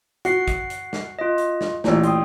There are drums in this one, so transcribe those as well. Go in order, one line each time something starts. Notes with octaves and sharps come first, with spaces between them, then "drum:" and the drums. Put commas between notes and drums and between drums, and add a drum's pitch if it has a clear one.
F#4 F#5 C7, drum: hi-hat
drum: kick, hi-hat
drum: hi-hat
drum: snare
F4 D#5
drum: hi-hat
drum: snare
A1 A#2, drum: snare
G5 C6 D#6, drum: hi-hat